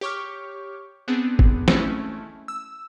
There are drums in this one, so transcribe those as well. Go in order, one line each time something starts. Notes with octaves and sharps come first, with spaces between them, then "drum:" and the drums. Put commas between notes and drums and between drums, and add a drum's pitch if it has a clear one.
G4 C#5 C#6 D6 F6
B3 C4 D4 G#4
drum: kick
G#3 A3 C#4 E4, drum: snare
E6